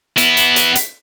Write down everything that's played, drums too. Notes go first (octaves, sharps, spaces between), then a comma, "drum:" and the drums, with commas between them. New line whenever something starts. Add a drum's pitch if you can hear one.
B3 E4, drum: hi-hat
drum: hi-hat
drum: hi-hat
drum: hi-hat